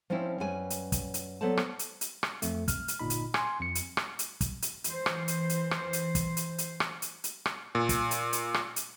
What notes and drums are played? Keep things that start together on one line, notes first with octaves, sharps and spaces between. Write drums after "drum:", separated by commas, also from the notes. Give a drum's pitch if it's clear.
F3 G3 C4 C#4 E4
F#2 G3 C#4 B4 G#5
drum: hi-hat
drum: kick, hi-hat
drum: hi-hat
F#3 B3 A4 C5 D5 A5
drum: rim click
drum: hi-hat
drum: hi-hat
drum: rim click
F2 A3, drum: hi-hat
F6, drum: kick, hi-hat
drum: hi-hat
G1 A#2 D#4 B5
drum: hi-hat
G#5 C6, drum: rim click
F2 C#7
drum: hi-hat
drum: rim click
drum: hi-hat
drum: kick, hi-hat
drum: hi-hat
E3 C5, drum: hi-hat
drum: rim click
drum: hi-hat
drum: hi-hat
drum: rim click
drum: hi-hat
drum: kick, hi-hat
drum: hi-hat
drum: hi-hat
drum: rim click
drum: hi-hat
drum: hi-hat
drum: rim click
A#2
drum: kick, hi-hat
drum: hi-hat
drum: hi-hat
drum: rim click
drum: hi-hat